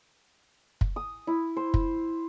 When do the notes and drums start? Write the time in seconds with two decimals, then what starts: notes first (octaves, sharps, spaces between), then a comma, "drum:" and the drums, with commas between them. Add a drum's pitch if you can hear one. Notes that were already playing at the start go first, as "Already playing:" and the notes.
0.81 drum: kick
0.96 D#6
1.27 E4
1.57 C5
1.74 drum: kick